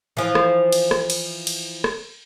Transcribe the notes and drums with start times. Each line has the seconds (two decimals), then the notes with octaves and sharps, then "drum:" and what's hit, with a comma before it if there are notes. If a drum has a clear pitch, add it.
0.17 E3 F3
0.35 drum: rim click
0.72 drum: cymbal
0.91 drum: rim click
1.10 drum: cymbal
1.47 drum: cymbal
1.84 drum: rim click